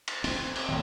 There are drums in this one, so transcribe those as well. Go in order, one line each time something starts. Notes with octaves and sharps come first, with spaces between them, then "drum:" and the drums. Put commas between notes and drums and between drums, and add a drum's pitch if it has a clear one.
drum: cymbal
C4, drum: open hi-hat
drum: cymbal
A2 D#3